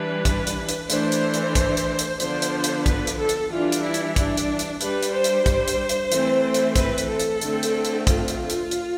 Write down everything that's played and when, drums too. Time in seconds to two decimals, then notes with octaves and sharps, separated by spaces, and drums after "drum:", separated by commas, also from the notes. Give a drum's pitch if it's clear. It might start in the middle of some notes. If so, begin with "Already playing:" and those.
Already playing: E3 G3 D4 B4
0.25 drum: kick, hi-hat
0.47 drum: hi-hat
0.69 drum: hi-hat
0.90 E3 A3 D4 C5, drum: hi-hat
1.12 drum: hi-hat
1.34 drum: hi-hat
1.55 drum: kick, hi-hat
1.77 drum: hi-hat
1.99 drum: hi-hat
2.20 D3 F3 B3 D4 C5, drum: hi-hat
2.42 drum: hi-hat
2.64 drum: hi-hat
2.86 B4, drum: kick, hi-hat
3.07 drum: hi-hat
3.18 A4
3.29 drum: hi-hat
3.50 E3 G3 D4 F4
3.72 drum: hi-hat
3.83 E4
3.94 drum: hi-hat
4.16 D4, drum: kick, hi-hat
4.37 drum: hi-hat
4.59 drum: hi-hat
4.81 G3 D4 B4, drum: hi-hat
5.03 drum: hi-hat
5.13 C5
5.24 drum: hi-hat
5.46 drum: kick, hi-hat
5.68 drum: hi-hat
5.89 drum: hi-hat
6.12 E3 A3 C4, drum: hi-hat
6.54 drum: hi-hat
6.76 B4, drum: kick, hi-hat
6.98 drum: hi-hat
7.08 A4
7.20 drum: hi-hat
7.41 D3 A3 C4, drum: hi-hat
7.63 drum: hi-hat
7.85 drum: hi-hat
8.07 F4, drum: kick, hi-hat
8.28 drum: hi-hat
8.50 drum: hi-hat
8.71 drum: hi-hat